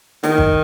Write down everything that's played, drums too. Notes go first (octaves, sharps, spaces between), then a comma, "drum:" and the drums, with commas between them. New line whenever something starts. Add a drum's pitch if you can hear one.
D#3, drum: snare
drum: kick